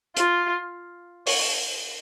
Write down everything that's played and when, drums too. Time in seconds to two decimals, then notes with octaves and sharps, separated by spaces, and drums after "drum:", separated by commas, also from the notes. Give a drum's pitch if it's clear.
0.17 F4, drum: hi-hat
1.27 C#5, drum: open hi-hat